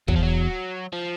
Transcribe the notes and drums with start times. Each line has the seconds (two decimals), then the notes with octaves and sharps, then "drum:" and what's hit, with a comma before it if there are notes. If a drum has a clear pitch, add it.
0.08 E2 F#3, drum: kick
0.16 F3
0.23 F#3
0.93 F3